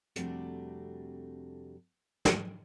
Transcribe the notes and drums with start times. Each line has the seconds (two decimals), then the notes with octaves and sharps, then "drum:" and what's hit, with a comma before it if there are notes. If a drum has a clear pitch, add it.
0.16 F2 C3 G3 A3 D4 F#4, drum: hi-hat
2.25 drum: snare